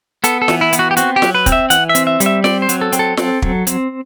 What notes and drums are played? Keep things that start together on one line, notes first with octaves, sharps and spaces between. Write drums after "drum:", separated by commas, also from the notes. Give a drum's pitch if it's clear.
B3 A4, drum: hi-hat
A4
E3, drum: snare
E4
B3, drum: hi-hat
F#4
G4
C4 F#4, drum: hi-hat
G4
F#3, drum: snare
B4
C4, drum: kick, hi-hat
E5
E3 F#5, drum: hi-hat
E5
C4, drum: hi-hat
E5
G3, drum: hi-hat
E5
C4 D5, drum: snare
C5
F#3, drum: hi-hat
A4
C4, drum: hi-hat
A4
C4, drum: snare
F#3, drum: kick
C4, drum: hi-hat